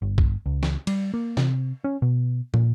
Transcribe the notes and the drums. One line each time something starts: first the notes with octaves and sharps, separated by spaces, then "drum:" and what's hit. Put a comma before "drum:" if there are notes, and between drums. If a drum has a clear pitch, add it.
G1
drum: kick
C#2
drum: snare
G3, drum: cymbal
A#3
C3, drum: snare
C#4
B2
A#2, drum: tom